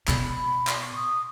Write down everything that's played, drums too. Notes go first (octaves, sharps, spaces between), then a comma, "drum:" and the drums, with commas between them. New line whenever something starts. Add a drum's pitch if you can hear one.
B2 B5, drum: clap
B5
C6, drum: clap
C#6
D#6